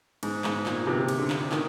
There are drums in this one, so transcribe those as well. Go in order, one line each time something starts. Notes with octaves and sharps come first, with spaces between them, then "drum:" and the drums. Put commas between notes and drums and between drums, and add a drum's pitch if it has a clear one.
G#2, drum: cymbal
G#2, drum: clap
A#2, drum: clap
C3
drum: cymbal
D3
drum: clap
D#3, drum: clap